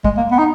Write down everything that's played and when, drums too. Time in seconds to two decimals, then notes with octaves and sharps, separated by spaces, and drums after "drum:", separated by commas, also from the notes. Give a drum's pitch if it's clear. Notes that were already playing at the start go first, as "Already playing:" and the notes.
0.04 G#3, drum: kick
0.17 A#3
0.31 B3
0.39 D#4